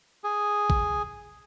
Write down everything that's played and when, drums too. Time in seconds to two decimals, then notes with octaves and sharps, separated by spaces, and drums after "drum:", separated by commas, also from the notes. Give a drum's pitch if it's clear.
0.24 G#4
0.70 drum: kick A1